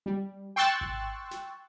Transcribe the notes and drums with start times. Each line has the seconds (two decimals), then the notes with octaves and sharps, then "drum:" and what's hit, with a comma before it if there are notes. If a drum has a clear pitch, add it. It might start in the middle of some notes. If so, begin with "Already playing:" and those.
0.06 G3
0.56 G5 C6 C#6 E6 F#6 A6
0.81 drum: kick G#1
1.31 drum: snare